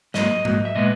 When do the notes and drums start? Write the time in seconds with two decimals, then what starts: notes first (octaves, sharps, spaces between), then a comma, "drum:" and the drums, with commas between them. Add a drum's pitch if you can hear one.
0.14 G#2 F#3 A#3 D#5, drum: snare
0.45 G#2 F#3 A#3, drum: tom G#2
0.65 E5
0.75 A#2 G#3 B3 D#5